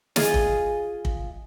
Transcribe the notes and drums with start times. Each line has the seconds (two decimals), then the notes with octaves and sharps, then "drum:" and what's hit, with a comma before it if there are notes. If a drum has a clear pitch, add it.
0.16 F4 G#4 D#5, drum: snare
0.34 drum: kick
1.05 drum: kick